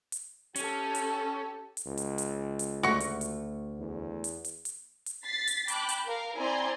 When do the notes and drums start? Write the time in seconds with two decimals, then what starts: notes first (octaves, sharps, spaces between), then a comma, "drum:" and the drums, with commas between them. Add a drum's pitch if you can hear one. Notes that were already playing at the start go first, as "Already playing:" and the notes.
0.12 drum: hi-hat
0.56 C#4 G4 A4, drum: hi-hat
0.95 drum: hi-hat
1.77 drum: hi-hat
1.86 C#2
1.97 drum: hi-hat
2.18 drum: hi-hat
2.59 drum: hi-hat
2.83 D2 A3 F#4 C#6
3.00 drum: hi-hat
3.21 drum: hi-hat
3.79 E2
4.24 drum: hi-hat
4.45 drum: hi-hat
4.65 drum: hi-hat
5.06 drum: hi-hat
5.24 A6 B6 C7
5.47 drum: hi-hat
5.68 G5 A5 B5 D6 F#6, drum: hi-hat
5.89 drum: hi-hat
6.06 A#4 F5
6.37 C4 E4 D5 G#5 A#5 C6